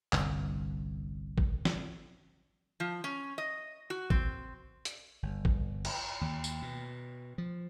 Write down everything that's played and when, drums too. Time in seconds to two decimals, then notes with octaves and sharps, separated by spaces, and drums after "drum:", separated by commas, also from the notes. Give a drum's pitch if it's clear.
0.13 G1 C2, drum: clap
1.38 drum: kick
1.65 drum: snare
2.80 F3
3.04 C#4
3.38 D#5
3.90 F#4
4.10 C4, drum: kick
4.85 drum: hi-hat
5.23 G1
5.45 drum: kick
5.85 drum: cymbal
6.21 D#2
6.44 drum: tambourine
6.62 B2
7.38 F3